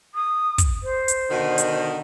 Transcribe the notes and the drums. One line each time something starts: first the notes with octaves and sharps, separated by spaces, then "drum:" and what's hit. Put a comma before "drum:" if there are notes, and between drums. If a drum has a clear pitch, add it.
D#6
drum: kick, hi-hat
C5
drum: hi-hat
B2 D3 D#3
drum: hi-hat